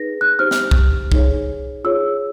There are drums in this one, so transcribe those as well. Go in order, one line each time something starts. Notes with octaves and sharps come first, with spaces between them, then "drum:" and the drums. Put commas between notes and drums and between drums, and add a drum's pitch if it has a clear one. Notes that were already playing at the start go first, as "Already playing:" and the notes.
Already playing: D#4 G#4 B4 A#6
F#6
D#4 G4 C5 F6
drum: snare
drum: kick
D#4 G#4 C#5, drum: kick
F4 G#4 C#5 E6